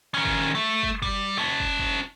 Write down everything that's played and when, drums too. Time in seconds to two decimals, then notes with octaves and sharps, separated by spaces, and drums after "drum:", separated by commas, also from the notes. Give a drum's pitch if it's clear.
0.14 D#3 C#4
0.26 drum: kick
0.55 A3
0.83 drum: kick
1.02 G3, drum: kick
1.38 C#4 A5
1.60 drum: kick
1.79 drum: kick